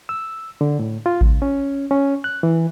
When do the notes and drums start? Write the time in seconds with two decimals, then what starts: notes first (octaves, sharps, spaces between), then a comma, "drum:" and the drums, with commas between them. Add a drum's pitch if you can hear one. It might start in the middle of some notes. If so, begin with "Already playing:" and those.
0.09 E6
0.61 D3
0.79 A2
1.06 F4
1.21 C#2, drum: kick A1
1.42 C#4
1.91 C#4
2.24 F#6
2.43 E3